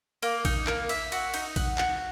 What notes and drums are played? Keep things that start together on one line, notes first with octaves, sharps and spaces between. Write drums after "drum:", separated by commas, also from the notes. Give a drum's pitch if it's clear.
A#3, drum: cymbal
D#4, drum: kick A#1, cymbal
A#3, drum: clap
E5, drum: cymbal
F#4, drum: cymbal
D#4, drum: cymbal
F#5, drum: kick A#1, cymbal
F#4, drum: clap